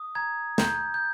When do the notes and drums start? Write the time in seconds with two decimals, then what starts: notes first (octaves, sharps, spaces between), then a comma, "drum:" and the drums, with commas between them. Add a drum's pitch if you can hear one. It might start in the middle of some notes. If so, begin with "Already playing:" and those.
Already playing: D#6
0.15 A#5 G#6
0.58 A#5 G6, drum: snare
0.94 G6